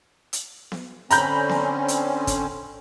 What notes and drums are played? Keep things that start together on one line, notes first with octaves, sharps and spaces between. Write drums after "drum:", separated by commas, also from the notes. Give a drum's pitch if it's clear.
drum: hi-hat
drum: snare B3
D3 C4 C#4 A#5 B5 G6, drum: hi-hat
drum: snare B3
drum: hi-hat
drum: kick, hi-hat